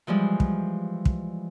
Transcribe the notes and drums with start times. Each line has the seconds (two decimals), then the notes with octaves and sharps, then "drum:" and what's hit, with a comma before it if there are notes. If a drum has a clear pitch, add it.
0.07 E3 F3 G3 G#3
0.40 drum: kick
1.05 drum: kick